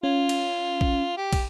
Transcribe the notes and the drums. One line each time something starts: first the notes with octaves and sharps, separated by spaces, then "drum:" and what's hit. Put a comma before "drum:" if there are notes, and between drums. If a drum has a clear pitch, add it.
C#4 F4
drum: cymbal
drum: kick
G4
drum: kick, cymbal